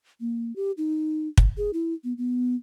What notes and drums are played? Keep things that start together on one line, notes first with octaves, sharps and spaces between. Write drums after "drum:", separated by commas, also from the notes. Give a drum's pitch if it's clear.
A#3
G4
D#4
drum: kick
G#4
E4
B3
B3